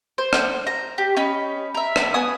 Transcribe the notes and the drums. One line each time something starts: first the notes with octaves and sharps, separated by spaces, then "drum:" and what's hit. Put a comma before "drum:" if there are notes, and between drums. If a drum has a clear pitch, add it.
C5
drum: rim click
A#5
G4
C#4 D#5 B5
A#4 E5
drum: rim click
B3 G#5 D#6